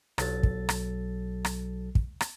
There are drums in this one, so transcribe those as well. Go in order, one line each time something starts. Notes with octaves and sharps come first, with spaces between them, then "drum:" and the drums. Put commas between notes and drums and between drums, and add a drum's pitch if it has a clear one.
B1 F#3 A4 A6, drum: rim click
drum: kick
drum: rim click
drum: rim click
drum: kick
drum: rim click